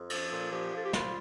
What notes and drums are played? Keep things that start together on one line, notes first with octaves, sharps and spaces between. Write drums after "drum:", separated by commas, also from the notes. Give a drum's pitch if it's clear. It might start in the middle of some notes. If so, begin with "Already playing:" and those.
Already playing: F2
F3 A4, drum: cymbal
A#2
F3 G4
F3 A4
G4
G3 F4, drum: snare